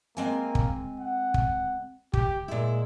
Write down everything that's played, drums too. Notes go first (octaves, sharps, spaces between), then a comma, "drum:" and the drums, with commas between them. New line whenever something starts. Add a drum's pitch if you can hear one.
G#3 A#3 C4 G#5
drum: kick
F#5
drum: kick
G4, drum: kick
A#2 G#3 E4